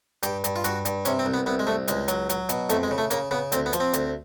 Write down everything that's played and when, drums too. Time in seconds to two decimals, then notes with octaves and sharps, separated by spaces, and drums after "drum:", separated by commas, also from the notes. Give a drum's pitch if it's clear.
0.23 G2 G4, drum: hi-hat
0.44 G2, drum: hi-hat
0.56 F4
0.64 G2 F#4, drum: hi-hat
0.85 G2, drum: hi-hat
1.05 C3 C#4, drum: hi-hat
1.19 C4
1.26 C2
1.34 B3
1.46 C2 B3
1.59 G#3
1.67 C2 A3
1.88 C#2 G#3, drum: hi-hat
2.08 F#3, drum: hi-hat
2.30 F#3, drum: hi-hat
2.49 B2, drum: hi-hat
2.70 F2 A3, drum: hi-hat
2.83 G#3
2.91 C#3
2.98 A3
3.11 C#3 A#3, drum: hi-hat
3.31 C#3 B3
3.52 D2 C4, drum: hi-hat
3.66 B3
3.73 F3, drum: hi-hat
3.80 C4
3.93 D2, drum: hi-hat